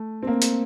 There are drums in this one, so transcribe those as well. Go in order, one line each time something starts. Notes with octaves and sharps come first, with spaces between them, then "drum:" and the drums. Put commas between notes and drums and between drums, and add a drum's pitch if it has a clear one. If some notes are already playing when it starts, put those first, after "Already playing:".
Already playing: A3
C4
A#3
drum: hi-hat